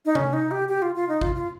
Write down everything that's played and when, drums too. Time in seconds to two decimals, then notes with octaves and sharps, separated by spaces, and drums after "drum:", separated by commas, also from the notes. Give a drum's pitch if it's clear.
0.05 D#4
0.15 C#4, drum: tom C3
0.33 D#4
0.51 G4
0.68 G4
0.82 F4
0.95 F4
1.09 D#4
1.21 F4, drum: kick A1
1.35 F4